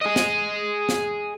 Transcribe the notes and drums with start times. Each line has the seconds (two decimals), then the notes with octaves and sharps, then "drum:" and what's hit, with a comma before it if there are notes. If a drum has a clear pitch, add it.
0.01 G#4 D#5
0.16 drum: snare
0.89 drum: snare